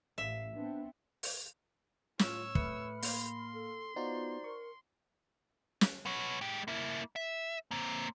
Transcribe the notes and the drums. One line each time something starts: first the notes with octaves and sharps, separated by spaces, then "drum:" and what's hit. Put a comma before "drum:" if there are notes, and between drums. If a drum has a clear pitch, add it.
A1 E5 F5
B3 C4 D4
drum: open hi-hat
A2 F4 C#5 E6 F6, drum: snare
A3 B4 B5 C#7, drum: kick
A#3 C6 A#6, drum: open hi-hat
A4
B3 D#4 F4 F#4 C5 D5 A#5
A#4 C#6
drum: snare
B3 C#5
G#3 G4
A#3 E4
E5
A#3 C4